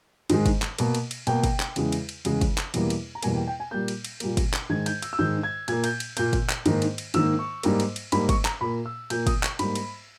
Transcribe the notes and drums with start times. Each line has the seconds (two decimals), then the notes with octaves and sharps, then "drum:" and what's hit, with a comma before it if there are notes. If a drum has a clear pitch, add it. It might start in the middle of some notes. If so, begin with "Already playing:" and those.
0.30 G#2 D#3 G#3, drum: cymbal
0.46 drum: kick, cymbal
0.62 drum: clap
0.78 B2 A#3, drum: cymbal
0.95 drum: cymbal
1.11 drum: cymbal
1.27 B2 A#3 G5, drum: cymbal
1.43 drum: kick, cymbal
1.60 drum: clap
1.76 E2 C#3 G#3, drum: cymbal
1.92 drum: cymbal
2.09 drum: cymbal
2.25 E2 C#3 G#3, drum: cymbal
2.41 drum: kick, cymbal
2.58 drum: clap
2.74 E2 B2 G3 A#3, drum: cymbal
2.90 drum: cymbal
3.15 A#5
3.23 E2 B2 G3 A#3 G#5, drum: cymbal
3.36 G5
3.47 G5
3.60 G#5
3.71 A#2 G3 A#3 G6
3.88 drum: cymbal
4.05 drum: cymbal
4.20 A#2 G3 A#3, drum: cymbal
4.37 drum: kick, cymbal
4.53 drum: clap
4.70 G#2 D#3 G#3 G#6
4.86 G6, drum: cymbal
5.02 E6, drum: cymbal
5.13 E6
5.19 G#2 D#3 G#3 G6
5.43 G#6
5.68 A#2 A#3 G#6, drum: cymbal
5.84 G6, drum: cymbal
6.00 drum: cymbal
6.17 A#2 A#3 G6, drum: cymbal
6.33 drum: kick, cymbal
6.49 drum: clap
6.66 G#2 D#3 A#3, drum: cymbal
6.82 drum: cymbal
6.98 drum: cymbal
7.14 G#2 D#3 A#3 E6, drum: cymbal
7.39 C#6
7.63 G#2 G3 A#3, drum: cymbal
7.80 drum: cymbal
7.96 drum: cymbal
8.12 G#2 G3 A#3 B5, drum: cymbal
8.29 C#6, drum: kick, cymbal
8.45 A#5, drum: clap
8.61 A#2 A#3 B5
8.86 E6
9.10 A#2 A#3 G6, drum: cymbal
9.27 D#6, drum: kick, cymbal
9.43 C#6, drum: clap
9.59 G#2 G3 A#3 B5, drum: cymbal
9.75 drum: cymbal